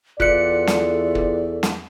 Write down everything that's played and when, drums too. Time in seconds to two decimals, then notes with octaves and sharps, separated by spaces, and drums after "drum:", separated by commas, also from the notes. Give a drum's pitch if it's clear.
0.20 E2 F4 A4 D5 F#6 C#7, drum: kick
0.67 drum: snare
1.15 drum: kick
1.63 drum: snare